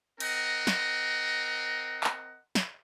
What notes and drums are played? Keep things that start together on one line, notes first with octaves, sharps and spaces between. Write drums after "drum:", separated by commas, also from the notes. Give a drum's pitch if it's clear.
C4 A#4 D#5 F#5, drum: cymbal
drum: snare
drum: clap
drum: snare